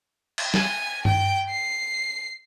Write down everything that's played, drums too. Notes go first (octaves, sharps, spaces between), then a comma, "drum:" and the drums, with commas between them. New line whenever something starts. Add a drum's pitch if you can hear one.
drum: cymbal
G#5, drum: snare
G5, drum: tom G2
C7